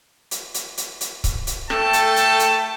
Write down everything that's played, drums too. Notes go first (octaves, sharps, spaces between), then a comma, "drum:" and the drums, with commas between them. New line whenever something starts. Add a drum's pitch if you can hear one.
drum: hi-hat
drum: hi-hat
drum: hi-hat
drum: hi-hat
drum: kick C#1, hi-hat
drum: hi-hat
A3 A4 G5 A5, drum: rim click
drum: hi-hat
drum: hi-hat
drum: hi-hat